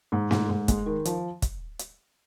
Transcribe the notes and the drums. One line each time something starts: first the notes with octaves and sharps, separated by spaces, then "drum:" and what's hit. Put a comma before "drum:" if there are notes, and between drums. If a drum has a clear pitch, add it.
G#2
G#2, drum: snare
G#2
G#3, drum: kick, hi-hat
D#3
F3, drum: hi-hat
drum: kick, hi-hat
drum: hi-hat